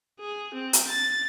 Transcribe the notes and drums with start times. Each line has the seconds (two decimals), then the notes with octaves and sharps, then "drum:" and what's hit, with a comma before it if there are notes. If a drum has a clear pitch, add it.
0.20 G#4
0.54 C4
0.73 drum: hi-hat
0.88 A6